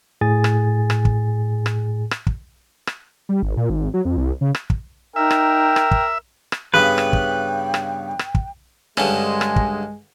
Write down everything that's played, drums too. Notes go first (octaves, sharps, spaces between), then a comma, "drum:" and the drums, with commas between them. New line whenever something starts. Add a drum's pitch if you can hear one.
A2 G#4 G#5 A6
drum: rim click
drum: rim click
drum: kick
drum: rim click
drum: rim click
drum: kick
drum: rim click
G3
G#1
A#2
G#1
F#3
F2
C2
C#3
drum: rim click
drum: kick
D#4 A#4 E5 G5
drum: rim click
drum: rim click
drum: kick
drum: rim click
G2 C#3 B3 B4 G5
drum: rim click
drum: kick
drum: rim click
drum: rim click
drum: kick
G2 D3 G#3 C#4, drum: rim click
drum: rim click
drum: kick